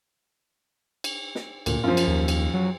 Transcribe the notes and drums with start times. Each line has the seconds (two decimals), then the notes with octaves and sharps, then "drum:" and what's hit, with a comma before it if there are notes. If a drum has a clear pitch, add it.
1.04 drum: cymbal
1.35 drum: snare
1.66 D2 A#2, drum: cymbal
1.83 F#2 F3 F4
1.97 drum: cymbal
2.07 D#2
2.28 drum: cymbal
2.54 F#3